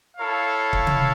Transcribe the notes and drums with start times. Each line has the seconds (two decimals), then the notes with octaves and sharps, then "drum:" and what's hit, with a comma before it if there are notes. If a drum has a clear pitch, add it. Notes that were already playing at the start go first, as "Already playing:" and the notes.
0.16 E4 A4 C#5 F5
0.73 drum: kick C#1
0.87 drum: tom